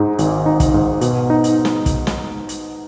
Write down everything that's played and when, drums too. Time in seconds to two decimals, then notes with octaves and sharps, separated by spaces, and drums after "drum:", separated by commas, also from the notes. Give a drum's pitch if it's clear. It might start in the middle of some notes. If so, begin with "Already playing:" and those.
Already playing: G#2 G#3 D#4
0.18 G#1, drum: hi-hat
0.46 D#4
0.60 drum: kick, hi-hat
0.74 G#2
1.01 B2, drum: hi-hat
1.30 D#4
1.44 drum: hi-hat
1.65 drum: snare
1.86 drum: kick, hi-hat
2.07 drum: snare
2.49 drum: hi-hat